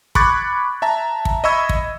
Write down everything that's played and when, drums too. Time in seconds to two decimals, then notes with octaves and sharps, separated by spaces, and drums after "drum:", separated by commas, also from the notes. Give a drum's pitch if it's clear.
0.15 B5 C#6 D6 F#6 G#6 A6, drum: kick
0.82 E5 A5 A#5
1.25 drum: kick
1.44 D#5 E5 B5 C#6 E6 G#6
1.69 drum: kick